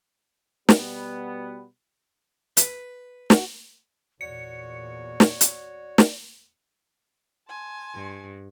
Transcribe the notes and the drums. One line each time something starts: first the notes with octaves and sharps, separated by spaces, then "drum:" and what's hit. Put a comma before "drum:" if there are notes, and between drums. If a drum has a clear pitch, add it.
B2 G3 B3, drum: snare
B4, drum: hi-hat
F#4, drum: snare
E2 A#2 F#4 C#5 D5 C#7
drum: snare
drum: hi-hat
drum: snare
G#5 A5 C6
G2